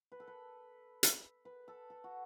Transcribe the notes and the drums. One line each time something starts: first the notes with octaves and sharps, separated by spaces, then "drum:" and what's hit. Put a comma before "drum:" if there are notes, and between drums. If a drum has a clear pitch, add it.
B4
A4
B4
drum: hi-hat
B4
A4
A4
F#4